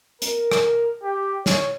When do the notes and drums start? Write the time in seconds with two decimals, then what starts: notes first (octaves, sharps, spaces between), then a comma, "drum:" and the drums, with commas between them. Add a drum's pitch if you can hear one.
0.22 A#4, drum: hi-hat
0.52 drum: rim click
1.03 G4
1.46 C#5, drum: snare